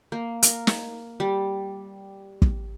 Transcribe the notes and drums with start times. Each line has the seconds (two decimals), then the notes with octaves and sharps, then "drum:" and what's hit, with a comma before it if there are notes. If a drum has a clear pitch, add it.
0.12 A#3
0.43 A#4, drum: hi-hat
0.67 drum: snare
1.20 G3
2.42 drum: kick